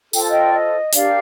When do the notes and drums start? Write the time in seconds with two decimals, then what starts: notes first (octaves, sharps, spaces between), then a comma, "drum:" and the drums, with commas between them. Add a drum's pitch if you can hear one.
0.13 F4 A4 C5 G5, drum: tambourine
0.21 A5
0.28 D#5 G5
0.43 D5
0.53 D#5
0.93 D4 G4 A#4 D5 F5, drum: hi-hat